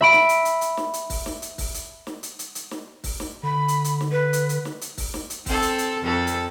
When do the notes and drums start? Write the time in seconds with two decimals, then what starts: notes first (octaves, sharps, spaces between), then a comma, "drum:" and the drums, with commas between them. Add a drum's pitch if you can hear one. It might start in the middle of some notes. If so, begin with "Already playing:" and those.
0.01 E5 B5 D7
0.13 drum: snare
0.29 drum: hi-hat
0.45 drum: hi-hat
0.61 drum: hi-hat
0.77 drum: snare
0.94 drum: hi-hat
1.10 drum: kick, open hi-hat
1.26 drum: snare
1.42 drum: hi-hat
1.58 drum: kick, open hi-hat
1.74 drum: hi-hat
2.07 drum: snare
2.23 drum: hi-hat
2.39 drum: hi-hat
2.55 drum: hi-hat
2.71 drum: snare
3.04 drum: kick, open hi-hat
3.20 drum: snare
3.43 D3 B5
3.68 drum: hi-hat
3.84 drum: hi-hat
4.01 drum: snare
4.12 B4
4.33 drum: hi-hat
4.49 drum: hi-hat
4.65 drum: snare
4.81 drum: hi-hat
4.98 drum: kick, open hi-hat
5.14 drum: snare
5.30 drum: hi-hat
5.46 C4 A4, drum: kick, open hi-hat
5.62 drum: hi-hat
5.78 drum: hi-hat
6.02 F2 A4
6.27 drum: hi-hat